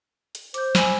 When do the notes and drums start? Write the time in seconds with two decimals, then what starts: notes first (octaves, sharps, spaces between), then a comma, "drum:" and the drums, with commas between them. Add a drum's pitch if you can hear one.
0.35 drum: hi-hat
0.54 C5 D6 G6, drum: hi-hat
0.75 G#5 B5 E6, drum: snare